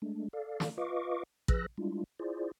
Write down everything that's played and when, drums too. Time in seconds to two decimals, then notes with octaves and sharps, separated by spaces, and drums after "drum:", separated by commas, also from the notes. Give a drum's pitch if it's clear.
0.02 G#3 A3 D4
0.33 A4 D5 F5
0.60 drum: snare
0.78 F4 B4 D#5 F5 C#6 D6
1.48 F3 G#4 B4 E6 F#6 A#6, drum: kick
1.78 G3 G#3 D4 E4 F4
2.19 E4 F4 G#4 C5 D5